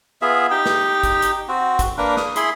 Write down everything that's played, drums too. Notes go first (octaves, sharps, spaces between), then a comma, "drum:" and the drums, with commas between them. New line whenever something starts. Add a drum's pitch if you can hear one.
B3 F4 G#4 E5
D#4 G4 G5
drum: snare
drum: kick, hi-hat
drum: hi-hat
C4 F#4
drum: kick, hi-hat
A#3 D4 A#4 B4
D#6, drum: snare
E4 G#4 B5 C6, drum: hi-hat